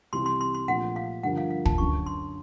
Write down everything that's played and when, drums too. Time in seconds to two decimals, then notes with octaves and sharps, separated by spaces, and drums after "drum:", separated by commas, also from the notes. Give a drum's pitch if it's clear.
0.13 C2 C3 E3 G3 C4 C6
0.26 C6
0.41 C6
0.54 C6
0.68 A#1 A#2 F3 A3 F#5
0.96 F5
1.23 G2 D3 F3 A#3 F#5
1.37 F5
1.50 F5
1.65 A5, drum: kick
1.78 F#2 D3 F#3 C#6
2.06 C6